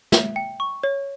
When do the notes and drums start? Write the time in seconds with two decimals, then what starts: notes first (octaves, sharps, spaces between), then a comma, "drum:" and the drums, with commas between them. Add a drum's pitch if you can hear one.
0.12 E5, drum: snare
0.36 G5
0.60 C#6
0.84 C#5